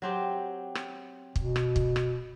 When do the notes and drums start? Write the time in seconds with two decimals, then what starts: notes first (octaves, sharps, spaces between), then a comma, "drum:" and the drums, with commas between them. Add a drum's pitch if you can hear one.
0.02 F#3 C4 G4
0.75 drum: rim click
1.36 B2, drum: kick
1.56 drum: rim click
1.76 drum: kick
1.96 drum: rim click